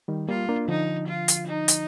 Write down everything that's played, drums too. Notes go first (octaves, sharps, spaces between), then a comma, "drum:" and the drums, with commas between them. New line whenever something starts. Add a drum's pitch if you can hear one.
D#3 G3
G3 A#3 F4
A#3 D4
D3 F3 D#4
F4
drum: hi-hat
D#4
drum: hi-hat